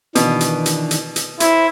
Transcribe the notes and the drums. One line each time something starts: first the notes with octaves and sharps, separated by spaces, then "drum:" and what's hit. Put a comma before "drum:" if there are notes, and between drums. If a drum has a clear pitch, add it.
B2 D#3 E3 D4, drum: hi-hat
drum: hi-hat
drum: hi-hat
drum: hi-hat
drum: hi-hat
E4 C5, drum: hi-hat